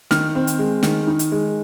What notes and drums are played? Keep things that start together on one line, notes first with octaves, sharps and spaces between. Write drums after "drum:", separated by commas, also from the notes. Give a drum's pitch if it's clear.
D#3 F6, drum: snare
C4
drum: hi-hat
G#3
D#3, drum: snare
D#4
drum: hi-hat
G#3